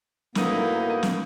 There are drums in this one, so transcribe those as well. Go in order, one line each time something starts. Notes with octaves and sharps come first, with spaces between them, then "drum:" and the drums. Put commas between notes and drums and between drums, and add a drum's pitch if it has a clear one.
A2 A#3 B3 D#4 E4 F#4 A#4, drum: snare
drum: snare